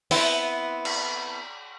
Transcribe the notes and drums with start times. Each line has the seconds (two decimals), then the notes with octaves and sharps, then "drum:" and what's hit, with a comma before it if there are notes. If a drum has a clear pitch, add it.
0.11 B3 C4 E4, drum: open hi-hat
0.85 drum: cymbal